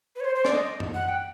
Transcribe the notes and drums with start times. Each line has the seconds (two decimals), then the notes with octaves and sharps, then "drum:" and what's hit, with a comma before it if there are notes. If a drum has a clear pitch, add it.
0.16 B4
0.20 C#5
0.25 C5
0.35 C5
0.45 D5, drum: snare
0.55 D#5
0.80 drum: tom F#2
0.94 F#5
1.09 G5